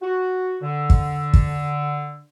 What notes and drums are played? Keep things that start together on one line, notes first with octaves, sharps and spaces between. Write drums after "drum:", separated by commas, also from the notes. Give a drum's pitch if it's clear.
F#4
D3
drum: kick
drum: kick